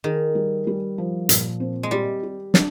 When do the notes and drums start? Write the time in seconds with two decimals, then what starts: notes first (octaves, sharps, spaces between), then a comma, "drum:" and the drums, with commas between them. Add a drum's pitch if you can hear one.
0.04 D#3 G#4
0.35 G3
0.67 G3
0.98 F3
1.29 A#2, drum: hi-hat
1.60 C4
1.83 G#3
1.91 G3 G4
2.23 G4
2.54 D4, drum: snare